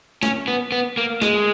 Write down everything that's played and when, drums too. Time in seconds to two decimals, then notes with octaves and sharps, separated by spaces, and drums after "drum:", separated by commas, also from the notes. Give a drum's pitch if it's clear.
0.23 C#4, drum: snare
0.48 B3
0.72 B3
0.97 A#3
1.22 G#3, drum: snare